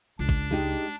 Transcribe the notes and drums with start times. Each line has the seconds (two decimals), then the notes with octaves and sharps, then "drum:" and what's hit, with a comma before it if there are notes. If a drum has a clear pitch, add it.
0.19 C#2 D4
0.29 drum: kick G#1
0.51 G#3 D#4 G4